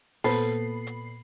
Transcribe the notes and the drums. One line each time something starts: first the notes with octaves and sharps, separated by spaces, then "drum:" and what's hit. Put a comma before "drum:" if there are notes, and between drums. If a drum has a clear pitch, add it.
A#2 B3 A4 C5 B5 C7, drum: open hi-hat
drum: hi-hat